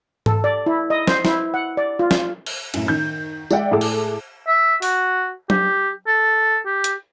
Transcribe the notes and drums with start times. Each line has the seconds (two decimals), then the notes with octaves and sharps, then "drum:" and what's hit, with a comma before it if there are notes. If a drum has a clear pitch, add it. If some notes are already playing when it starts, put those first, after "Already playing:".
0.26 A4, drum: tom G#2
0.44 D5
0.66 E4
0.90 D#5
1.07 C5, drum: snare
1.25 E4, drum: snare
1.54 F#5
1.77 D5
1.99 F4
2.11 drum: snare
2.46 drum: cymbal
2.74 F#2 A2, drum: cymbal
2.88 D#3 G6
3.51 G#3 D5 E5 F#5 G5, drum: tambourine
3.71 A2 G#4 A4 D6
3.81 drum: cymbal
4.47 E5
4.82 F#4, drum: open hi-hat
5.50 G4, drum: tom F#3
6.07 A4
6.66 G4
6.84 drum: hi-hat